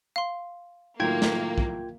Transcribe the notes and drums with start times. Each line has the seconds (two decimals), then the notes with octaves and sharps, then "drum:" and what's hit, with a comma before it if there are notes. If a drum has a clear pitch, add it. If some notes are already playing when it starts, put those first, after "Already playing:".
0.16 F5 C6
1.00 A2 D#3 F#3 A#3 F4 G5 G#6
1.22 drum: snare
1.58 drum: kick